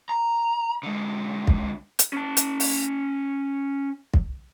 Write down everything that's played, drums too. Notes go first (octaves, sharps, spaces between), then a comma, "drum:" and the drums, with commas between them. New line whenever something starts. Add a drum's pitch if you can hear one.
A#5
D3 G#3
drum: kick
drum: hi-hat
C#4 A5
drum: hi-hat
drum: open hi-hat
drum: kick